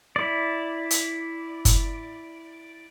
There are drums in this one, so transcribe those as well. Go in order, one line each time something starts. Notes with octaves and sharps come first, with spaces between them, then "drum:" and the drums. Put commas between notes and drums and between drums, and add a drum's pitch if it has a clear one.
E4 D5
drum: hi-hat
drum: kick, hi-hat